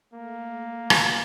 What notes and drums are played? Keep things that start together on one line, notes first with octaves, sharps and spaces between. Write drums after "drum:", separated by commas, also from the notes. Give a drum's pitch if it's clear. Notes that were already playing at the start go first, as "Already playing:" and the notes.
A3 A#3
A3
drum: rim click